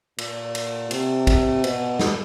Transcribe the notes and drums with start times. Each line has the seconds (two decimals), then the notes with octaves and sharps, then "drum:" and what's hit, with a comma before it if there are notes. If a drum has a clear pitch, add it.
0.18 A#2, drum: cymbal
0.55 drum: cymbal
0.91 C3, drum: cymbal
1.27 drum: kick, cymbal
1.64 B2, drum: cymbal
1.99 drum: snare